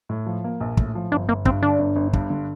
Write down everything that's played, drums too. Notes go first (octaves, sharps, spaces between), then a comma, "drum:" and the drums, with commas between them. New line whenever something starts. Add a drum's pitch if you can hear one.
A2
F3
A#3
A#1
A2, drum: kick
F3
G1 D4
G1 A#3
G2 C4, drum: kick
D3 D4
G1
G1
G2, drum: kick
D3